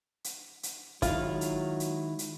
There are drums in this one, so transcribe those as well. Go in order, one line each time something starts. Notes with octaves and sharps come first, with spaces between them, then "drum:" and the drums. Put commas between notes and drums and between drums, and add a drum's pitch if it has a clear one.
drum: hi-hat
drum: hi-hat
D#3 F#3 G#3 E4 F4, drum: kick, hi-hat
drum: hi-hat
drum: hi-hat
drum: hi-hat